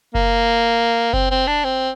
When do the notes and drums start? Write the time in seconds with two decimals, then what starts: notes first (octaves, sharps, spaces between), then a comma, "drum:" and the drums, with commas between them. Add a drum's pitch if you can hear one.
0.15 A#3, drum: kick F#1
1.13 C4, drum: kick F#1
1.31 C4
1.47 D4
1.64 C4